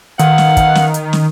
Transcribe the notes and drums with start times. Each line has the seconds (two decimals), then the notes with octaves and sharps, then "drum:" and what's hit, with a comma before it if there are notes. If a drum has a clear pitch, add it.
0.19 D#3 B3 F5 F#5, drum: hi-hat
0.38 drum: snare
0.57 drum: kick, hi-hat
0.75 drum: snare
0.94 drum: hi-hat
1.13 drum: snare